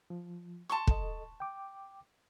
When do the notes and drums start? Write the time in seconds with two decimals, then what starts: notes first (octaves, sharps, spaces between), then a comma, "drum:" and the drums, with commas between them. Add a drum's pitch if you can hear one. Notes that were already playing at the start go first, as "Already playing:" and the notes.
0.10 F3
0.69 A5 C6 C#6
0.87 A4 D#5, drum: kick
1.40 G5 D6